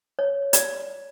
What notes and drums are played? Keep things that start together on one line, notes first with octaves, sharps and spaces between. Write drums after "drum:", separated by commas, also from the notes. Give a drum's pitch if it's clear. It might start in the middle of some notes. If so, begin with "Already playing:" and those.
C#5
D5, drum: hi-hat